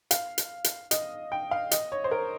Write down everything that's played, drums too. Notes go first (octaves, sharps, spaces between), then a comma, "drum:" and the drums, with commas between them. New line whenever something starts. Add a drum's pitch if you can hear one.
F5, drum: hi-hat
drum: hi-hat
drum: hi-hat
D#5, drum: hi-hat
G5
F5
D#5, drum: hi-hat
C#5
C5
A#4